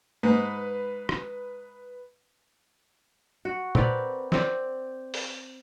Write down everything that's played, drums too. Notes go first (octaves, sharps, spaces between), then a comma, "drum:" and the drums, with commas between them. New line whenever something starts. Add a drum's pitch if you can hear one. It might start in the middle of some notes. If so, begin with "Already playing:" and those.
G#2 B4
drum: rim click
F#4
C4 A#4 B4 D5, drum: tom
C4 D5, drum: snare
drum: open hi-hat